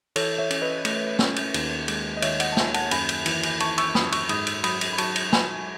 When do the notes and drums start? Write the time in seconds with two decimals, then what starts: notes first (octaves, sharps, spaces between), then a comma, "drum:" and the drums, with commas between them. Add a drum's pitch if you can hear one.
0.16 E3 A4 C#5, drum: cymbal
0.38 C#5 E5
0.50 C#4, drum: cymbal
0.62 B4 D#5
0.85 A3, drum: cymbal
1.19 C#4, drum: snare
1.36 drum: cymbal
1.54 D#2, drum: cymbal
1.88 G#3, drum: cymbal
2.17 D#5
2.22 D#3 C#5 E5, drum: cymbal
2.40 D#5 F#5, drum: cymbal
2.52 A5
2.57 D#2 E5 G#5, drum: snare
2.74 F#5 A5, drum: cymbal
2.91 F#2 G#5 B5, drum: cymbal
3.09 drum: cymbal
3.26 E3, drum: cymbal
3.43 drum: cymbal
3.60 E3 A5 C#6, drum: cymbal
3.78 C#6 E6, drum: cymbal
3.95 F#2 B5 D#6, drum: snare
4.12 C#6 E6, drum: cymbal
4.29 G#2 B5 D#6, drum: cymbal
4.47 drum: cymbal
4.64 F#3 B5 D#6, drum: cymbal
4.81 drum: cymbal
4.93 B5
4.98 F#3 A5 C#6, drum: cymbal
5.16 drum: cymbal
5.33 F#3 G#5 B5, drum: snare